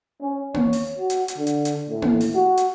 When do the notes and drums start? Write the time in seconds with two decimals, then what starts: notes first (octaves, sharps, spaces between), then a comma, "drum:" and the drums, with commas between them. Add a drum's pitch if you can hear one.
0.21 C#4
0.54 C#5, drum: tom A#3
0.73 drum: open hi-hat
0.99 F#4
1.10 drum: hi-hat
1.28 drum: hi-hat
1.37 D3
1.47 drum: hi-hat
1.65 drum: hi-hat
1.89 A2
2.02 drum: tom A#3
2.21 drum: open hi-hat
2.34 F#4
2.57 drum: hi-hat